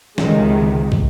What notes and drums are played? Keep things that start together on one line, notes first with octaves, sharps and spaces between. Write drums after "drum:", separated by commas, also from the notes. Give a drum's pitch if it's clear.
C#2 C3 D#3 G#3, drum: snare
drum: kick